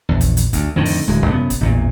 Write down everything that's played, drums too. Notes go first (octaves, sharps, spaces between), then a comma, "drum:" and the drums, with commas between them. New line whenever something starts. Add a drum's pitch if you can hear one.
A#1 E2
drum: kick, hi-hat
drum: hi-hat
D2, drum: kick, hi-hat
F2 A2 D3 D#3
drum: open hi-hat
D1 G#3
C2 F#2 G3 B3
drum: kick, hi-hat
A1 E2 A#2